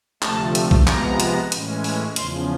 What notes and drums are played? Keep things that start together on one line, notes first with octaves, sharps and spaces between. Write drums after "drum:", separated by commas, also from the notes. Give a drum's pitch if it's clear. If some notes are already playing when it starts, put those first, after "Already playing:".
D2 C3 F3 A3 A5, drum: clap
drum: hi-hat
drum: kick
C3 F3 G#3 B3 A#5, drum: clap
drum: hi-hat
A2 E3 G#3 C#4, drum: hi-hat
drum: open hi-hat
E2 C#3 F3 C6, drum: hi-hat